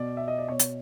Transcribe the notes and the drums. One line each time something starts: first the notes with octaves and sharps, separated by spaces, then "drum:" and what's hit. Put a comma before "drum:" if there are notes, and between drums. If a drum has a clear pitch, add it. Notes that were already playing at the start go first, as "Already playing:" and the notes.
Already playing: B2 D5
E5
D#5
D5
B2 C#5
drum: hi-hat